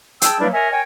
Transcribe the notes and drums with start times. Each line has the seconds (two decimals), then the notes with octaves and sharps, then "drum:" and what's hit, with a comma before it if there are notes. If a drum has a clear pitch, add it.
0.22 G#4 G5 A5 E6, drum: hi-hat
0.39 F#3 G3 A#3 D4 E4 B4
0.52 A#4 C#5 D#5 E5 G#5
0.71 A#4 C#5 G5 G#5